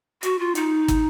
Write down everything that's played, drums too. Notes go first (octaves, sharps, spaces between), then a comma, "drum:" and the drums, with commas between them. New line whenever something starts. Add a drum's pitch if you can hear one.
F#4, drum: hi-hat
F4
D#4, drum: hi-hat
drum: kick, hi-hat